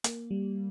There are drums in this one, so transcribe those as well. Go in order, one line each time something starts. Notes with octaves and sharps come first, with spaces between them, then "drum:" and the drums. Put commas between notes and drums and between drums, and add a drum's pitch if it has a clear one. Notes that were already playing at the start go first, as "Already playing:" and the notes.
A#3, drum: hi-hat
G3